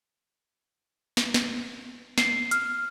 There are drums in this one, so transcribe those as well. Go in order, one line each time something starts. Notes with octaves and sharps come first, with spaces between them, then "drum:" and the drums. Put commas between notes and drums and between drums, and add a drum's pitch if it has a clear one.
drum: snare
drum: snare
C7, drum: snare
F6, drum: hi-hat